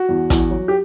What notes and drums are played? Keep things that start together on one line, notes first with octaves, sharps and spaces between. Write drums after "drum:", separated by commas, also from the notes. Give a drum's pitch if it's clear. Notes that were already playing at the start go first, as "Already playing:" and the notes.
Already playing: F#4
E2
E2, drum: kick, hi-hat
F#3
G4